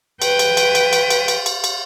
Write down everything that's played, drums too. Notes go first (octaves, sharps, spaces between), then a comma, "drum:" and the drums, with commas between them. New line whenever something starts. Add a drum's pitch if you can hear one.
B4 G5, drum: cymbal
drum: cymbal
drum: cymbal
drum: cymbal
drum: cymbal
drum: cymbal
drum: cymbal
drum: cymbal
drum: cymbal